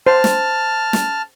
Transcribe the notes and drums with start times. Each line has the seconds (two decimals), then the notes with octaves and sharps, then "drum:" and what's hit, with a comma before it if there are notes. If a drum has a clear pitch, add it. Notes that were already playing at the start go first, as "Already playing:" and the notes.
0.07 C5 A5 F6
0.24 drum: snare
0.93 drum: snare